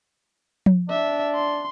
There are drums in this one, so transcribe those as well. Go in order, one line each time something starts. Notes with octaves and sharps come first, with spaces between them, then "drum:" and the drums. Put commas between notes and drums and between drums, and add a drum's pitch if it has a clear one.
drum: tom F3
D4 E5
C6